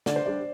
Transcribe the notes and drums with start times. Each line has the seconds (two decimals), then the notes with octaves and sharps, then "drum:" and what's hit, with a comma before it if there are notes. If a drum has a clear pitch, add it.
0.06 D3 D5, drum: snare
0.16 C5
0.26 G3 D4 G4 D5